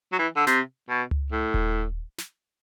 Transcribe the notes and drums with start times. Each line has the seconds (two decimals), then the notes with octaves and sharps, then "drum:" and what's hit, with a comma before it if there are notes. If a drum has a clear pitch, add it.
0.12 F#3
0.19 E3
0.36 D3
0.47 C3, drum: snare
0.89 B2
1.11 drum: tom C#2
1.32 A2
1.54 drum: kick D#1
2.18 drum: snare